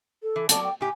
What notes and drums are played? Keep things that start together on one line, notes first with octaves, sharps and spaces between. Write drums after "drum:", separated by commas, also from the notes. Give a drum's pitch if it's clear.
A4
E3
F#3 A4 D5 A5, drum: hi-hat
G5
A2 G4 G#5